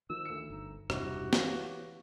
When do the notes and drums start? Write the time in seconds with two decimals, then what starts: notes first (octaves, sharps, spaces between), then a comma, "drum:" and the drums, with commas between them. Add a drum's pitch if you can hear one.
0.10 D#3 F3 E6
0.25 D2 C#7
0.50 G1 D#4
0.90 E1 G2 C3 D#4 E4 F#4 G4, drum: rim click
1.33 E3 C#5 F5, drum: snare